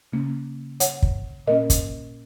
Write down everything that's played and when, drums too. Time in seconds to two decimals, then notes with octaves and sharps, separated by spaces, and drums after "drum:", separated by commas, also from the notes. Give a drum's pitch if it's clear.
0.13 C#3 A#3 C#4
0.80 C#5 F#5, drum: hi-hat
1.02 drum: kick
1.47 A#2 A#3 C#4 A#4 D#5
1.70 drum: kick, hi-hat